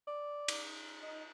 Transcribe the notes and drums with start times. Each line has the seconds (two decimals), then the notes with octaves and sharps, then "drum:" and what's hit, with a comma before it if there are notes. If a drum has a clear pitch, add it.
0.07 D5
0.48 drum: cymbal
1.03 D#4